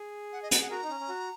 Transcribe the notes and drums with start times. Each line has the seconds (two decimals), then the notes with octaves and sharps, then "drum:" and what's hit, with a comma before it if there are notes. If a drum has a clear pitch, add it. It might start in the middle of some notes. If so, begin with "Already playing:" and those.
Already playing: G#4
0.33 F#5
0.43 D#5
0.51 F#5, drum: hi-hat
0.62 F#5
0.70 F#4 A#4 A#5
0.83 D#4
0.90 C#4
1.00 C#4
1.09 F#4